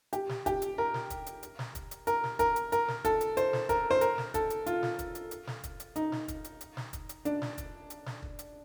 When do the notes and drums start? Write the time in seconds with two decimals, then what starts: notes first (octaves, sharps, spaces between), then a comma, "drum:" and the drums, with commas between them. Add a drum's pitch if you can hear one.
0.13 G4, drum: hi-hat
0.29 drum: snare
0.46 G4, drum: kick, hi-hat
0.62 drum: hi-hat
0.78 A#4
0.94 drum: snare
1.10 drum: kick, hi-hat
1.26 drum: hi-hat
1.43 drum: hi-hat
1.59 drum: snare
1.75 drum: kick, hi-hat
1.91 drum: hi-hat
2.07 A#4, drum: hi-hat
2.24 drum: snare
2.39 A#4, drum: kick, hi-hat
2.56 drum: hi-hat
2.72 A#4, drum: hi-hat
2.88 drum: snare
3.05 A4, drum: kick, hi-hat
3.21 drum: hi-hat
3.37 C5, drum: hi-hat
3.53 drum: snare
3.69 A#4, drum: kick, hi-hat
3.91 C5
4.01 A#4, drum: hi-hat
4.18 drum: snare
4.34 A4, drum: kick, hi-hat
4.50 drum: hi-hat
4.66 F4, drum: hi-hat
4.83 drum: snare
4.99 drum: kick, hi-hat
5.15 drum: hi-hat
5.31 drum: hi-hat
5.47 drum: snare
5.64 drum: kick, hi-hat
5.80 drum: hi-hat
5.96 D#4, drum: hi-hat
6.12 drum: snare
6.28 drum: kick, hi-hat
6.44 drum: hi-hat
6.61 drum: hi-hat
6.77 drum: snare
6.93 drum: kick, hi-hat
7.09 drum: hi-hat
7.25 D4, drum: hi-hat
7.42 drum: snare
7.58 drum: kick, hi-hat
7.90 drum: hi-hat
8.06 drum: snare
8.23 drum: kick
8.39 drum: hi-hat